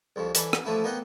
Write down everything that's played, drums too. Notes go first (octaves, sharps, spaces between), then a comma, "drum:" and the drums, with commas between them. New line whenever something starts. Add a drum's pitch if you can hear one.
C2 F2 F3
E3 A4 D5 G#5 B5, drum: hi-hat
drum: rim click
E3 F3 A3 E4
A#3 B3 D#4 D#5 F#5 G5